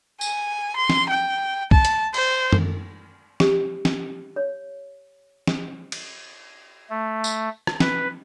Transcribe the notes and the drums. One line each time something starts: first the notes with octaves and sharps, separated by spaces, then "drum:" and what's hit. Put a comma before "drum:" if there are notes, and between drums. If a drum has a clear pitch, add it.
G#5, drum: tambourine
C6
drum: snare
G5
A5, drum: kick B1
drum: hi-hat
C5, drum: cymbal
drum: tom F#2
G4, drum: snare
drum: snare
C#5
drum: snare
drum: cymbal
A3
drum: tambourine
drum: rim click
B4, drum: snare